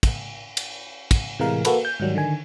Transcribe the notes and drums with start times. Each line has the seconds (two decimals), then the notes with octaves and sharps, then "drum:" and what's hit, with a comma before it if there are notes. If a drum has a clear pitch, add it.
0.03 drum: kick, cymbal
0.57 drum: cymbal
1.11 drum: kick, cymbal
1.39 A2 C3 E3 G#3 A#4 F5
1.65 A#3 F#4 A4 B4, drum: cymbal
1.85 G6
2.00 G#2 D#3 F#3 G3
2.15 D3 D#3 G#5